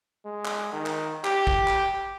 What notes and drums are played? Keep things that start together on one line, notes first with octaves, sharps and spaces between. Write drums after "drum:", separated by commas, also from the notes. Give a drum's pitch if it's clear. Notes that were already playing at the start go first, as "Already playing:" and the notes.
G#3
drum: clap
D#3
drum: clap
G4, drum: clap
drum: kick
drum: clap